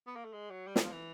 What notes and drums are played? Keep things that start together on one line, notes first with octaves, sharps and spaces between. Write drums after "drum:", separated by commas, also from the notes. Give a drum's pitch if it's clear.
B3
A#3
A3
G#3
F#3
G3
F#3, drum: snare
F3
E3